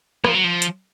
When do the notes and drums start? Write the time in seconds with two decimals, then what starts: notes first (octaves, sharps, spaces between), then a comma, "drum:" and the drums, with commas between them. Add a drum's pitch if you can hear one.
0.24 F3, drum: rim click
0.34 F#3
0.44 F3
0.62 drum: hi-hat